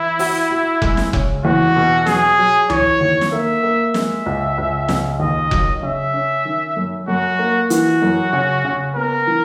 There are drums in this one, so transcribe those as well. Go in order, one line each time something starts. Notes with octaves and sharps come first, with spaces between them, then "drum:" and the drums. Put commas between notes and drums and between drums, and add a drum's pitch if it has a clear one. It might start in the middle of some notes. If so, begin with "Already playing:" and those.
Already playing: E3 E4
F#4, drum: open hi-hat
F#4
G#3, drum: kick F1
drum: snare
C#3, drum: kick F1
E2 F#4
B2
F#3 G#4, drum: snare
F#3
E3 C#5, drum: tom C#2
D#2
drum: snare
A#3 E5
A#3
G#3 E5, drum: snare
C#2
C#2
C#2, drum: snare
D#2 D#5
F#3, drum: kick F1
C#3 E5
C#4
D#3
F#2
F#2 F#4
A#3
E3 F#4, drum: hi-hat
F#2
C#3
C#3
B3 A#4
E3